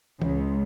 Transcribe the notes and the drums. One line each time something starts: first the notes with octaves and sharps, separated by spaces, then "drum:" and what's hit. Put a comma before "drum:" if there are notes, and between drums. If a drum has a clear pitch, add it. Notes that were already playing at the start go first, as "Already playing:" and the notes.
C#2, drum: tom